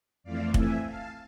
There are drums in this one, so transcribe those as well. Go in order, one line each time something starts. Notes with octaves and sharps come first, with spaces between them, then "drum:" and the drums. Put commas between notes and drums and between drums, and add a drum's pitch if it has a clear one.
F2 E3 A3 C4 D5 F5
E5 G#5, drum: kick
F5 A5